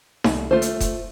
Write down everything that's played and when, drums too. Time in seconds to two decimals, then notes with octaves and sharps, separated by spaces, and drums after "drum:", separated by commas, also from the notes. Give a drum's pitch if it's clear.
0.24 C2 A3, drum: snare D#4
0.51 A3 F4 C5
0.62 drum: hi-hat
0.80 drum: kick E1, hi-hat